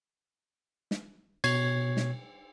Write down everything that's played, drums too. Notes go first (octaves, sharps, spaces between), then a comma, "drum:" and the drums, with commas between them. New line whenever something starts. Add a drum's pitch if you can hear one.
drum: snare
B2 C#5 G#6 C7, drum: cymbal
drum: snare